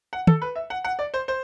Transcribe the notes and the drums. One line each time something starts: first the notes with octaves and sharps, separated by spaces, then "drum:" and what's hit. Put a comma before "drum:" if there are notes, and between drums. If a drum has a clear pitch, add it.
F#5
A4, drum: tom
B4
E5
F#5
F#5
D5
C5
C5